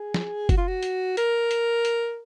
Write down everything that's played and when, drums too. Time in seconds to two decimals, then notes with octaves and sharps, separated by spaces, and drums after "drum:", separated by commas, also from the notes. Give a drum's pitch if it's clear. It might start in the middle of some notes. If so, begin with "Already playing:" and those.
Already playing: G#4
0.14 drum: snare
0.49 F#4, drum: kick, hi-hat
0.57 F4
0.68 F#4
0.83 drum: hi-hat
1.17 A#4, drum: hi-hat
1.51 drum: hi-hat
1.85 drum: hi-hat